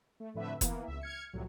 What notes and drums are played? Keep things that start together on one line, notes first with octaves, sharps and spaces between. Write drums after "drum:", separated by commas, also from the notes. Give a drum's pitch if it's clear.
A3
F2 A2 D3 A3 B4 E5
E3 A#3 B3, drum: kick F1, hi-hat
C#2 E5
F6 G#6 C#7
C2 F2 A2 F#3